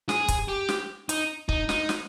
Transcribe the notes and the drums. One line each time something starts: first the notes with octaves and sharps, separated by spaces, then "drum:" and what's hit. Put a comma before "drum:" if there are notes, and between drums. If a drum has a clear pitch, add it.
G#4, drum: snare
drum: kick, hi-hat
G4
drum: snare
D#4, drum: hi-hat
D#4, drum: kick
D#4, drum: snare
drum: snare